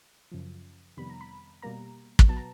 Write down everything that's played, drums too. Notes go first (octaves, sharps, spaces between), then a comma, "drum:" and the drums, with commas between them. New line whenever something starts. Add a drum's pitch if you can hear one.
F#2 C#3 F3
F2 C3 D#3 G3 B3 B5
A#5
B5
B2 G3 A#3 A#5
drum: kick
B2 F#3 B3 A5
A#5